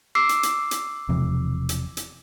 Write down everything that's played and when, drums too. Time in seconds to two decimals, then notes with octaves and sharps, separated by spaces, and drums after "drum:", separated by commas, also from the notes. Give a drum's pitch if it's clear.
0.15 D6 E6 C7
0.29 drum: hi-hat
0.43 drum: hi-hat
0.71 drum: hi-hat
1.09 E1 C3 F3
1.69 drum: hi-hat
1.97 drum: hi-hat